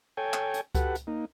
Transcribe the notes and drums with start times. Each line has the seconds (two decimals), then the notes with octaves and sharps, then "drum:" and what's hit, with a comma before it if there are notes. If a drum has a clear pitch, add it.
0.17 A4 C#5 G5 G#5
0.34 drum: clap
0.54 drum: hi-hat
0.75 F#4 G4 A4 B4 F#5, drum: kick C#2, hi-hat
0.95 drum: hi-hat
1.07 A#3 D#4